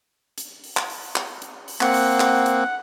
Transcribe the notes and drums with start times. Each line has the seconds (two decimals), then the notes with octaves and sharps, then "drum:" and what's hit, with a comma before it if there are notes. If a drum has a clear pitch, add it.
0.38 drum: hi-hat
0.64 drum: open hi-hat
0.77 drum: clap
0.90 drum: open hi-hat
1.16 drum: clap
1.42 drum: hi-hat
1.68 drum: open hi-hat
1.81 A#3 C4 F#5, drum: clap
1.94 drum: open hi-hat
2.20 drum: clap
2.46 drum: hi-hat